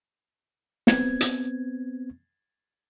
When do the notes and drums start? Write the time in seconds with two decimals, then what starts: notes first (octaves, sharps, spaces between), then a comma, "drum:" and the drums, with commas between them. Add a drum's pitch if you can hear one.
0.87 B3 C4 G#6, drum: snare
1.21 drum: hi-hat